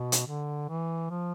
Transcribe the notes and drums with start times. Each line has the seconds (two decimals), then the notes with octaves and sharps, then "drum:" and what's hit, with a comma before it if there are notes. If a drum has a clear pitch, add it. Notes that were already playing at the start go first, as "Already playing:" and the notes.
Already playing: B2
0.12 drum: hi-hat
0.27 D3
0.69 E3
1.10 F3